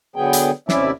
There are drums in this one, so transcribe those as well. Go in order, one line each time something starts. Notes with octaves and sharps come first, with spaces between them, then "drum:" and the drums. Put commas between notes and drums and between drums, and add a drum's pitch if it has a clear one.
D3 F#3 B3 G#4 G5
drum: hi-hat
D#2 C3 C#4 E4 D5 E5, drum: snare